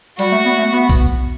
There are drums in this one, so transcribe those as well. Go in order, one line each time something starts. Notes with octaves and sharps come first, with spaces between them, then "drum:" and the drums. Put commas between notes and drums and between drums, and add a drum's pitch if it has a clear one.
G3 F#4, drum: hi-hat
A3
B3
A3
B3
drum: kick B1, hi-hat